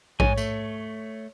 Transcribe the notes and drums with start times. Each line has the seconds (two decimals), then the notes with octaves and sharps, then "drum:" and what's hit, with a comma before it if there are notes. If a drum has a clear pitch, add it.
0.20 G#2 C#5 G#5, drum: kick A#1
0.38 A3, drum: tambourine